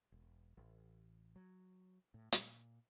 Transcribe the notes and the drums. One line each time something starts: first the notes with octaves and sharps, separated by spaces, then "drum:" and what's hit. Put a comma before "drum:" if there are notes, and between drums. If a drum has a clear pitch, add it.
E1
A1
F#3
A2
A#2, drum: hi-hat